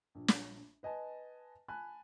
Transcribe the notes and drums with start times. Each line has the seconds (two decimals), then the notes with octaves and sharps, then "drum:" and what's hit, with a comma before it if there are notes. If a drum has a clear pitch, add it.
0.15 A#1
0.28 drum: snare
0.83 B4 D#5 G#5 A5
1.68 G#5 A5 B5 F#6